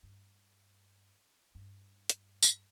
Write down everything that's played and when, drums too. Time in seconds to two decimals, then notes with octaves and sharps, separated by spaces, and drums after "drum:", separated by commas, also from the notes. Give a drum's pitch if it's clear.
0.03 G2
1.55 G2
2.10 drum: hi-hat
2.42 drum: tambourine